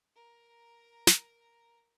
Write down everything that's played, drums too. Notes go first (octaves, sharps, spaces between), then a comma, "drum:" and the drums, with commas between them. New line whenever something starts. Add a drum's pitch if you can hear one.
A#4 A#5
drum: snare